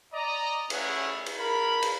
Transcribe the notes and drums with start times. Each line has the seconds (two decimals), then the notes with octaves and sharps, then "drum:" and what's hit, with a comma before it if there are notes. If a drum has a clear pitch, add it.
0.13 D5 D#5 A#5
0.70 A3 C#4 E4 G#4 C#5 F#5, drum: cymbal
1.26 drum: cymbal
1.37 A#4 B5
1.83 drum: cymbal